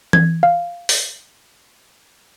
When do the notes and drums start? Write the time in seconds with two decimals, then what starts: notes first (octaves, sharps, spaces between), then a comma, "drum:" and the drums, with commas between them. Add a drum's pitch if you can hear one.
0.13 G#6, drum: tom E3
0.43 F5
0.89 drum: open hi-hat